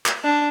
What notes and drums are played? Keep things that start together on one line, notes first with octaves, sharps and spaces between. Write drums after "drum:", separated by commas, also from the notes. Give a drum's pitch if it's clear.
drum: clap
D4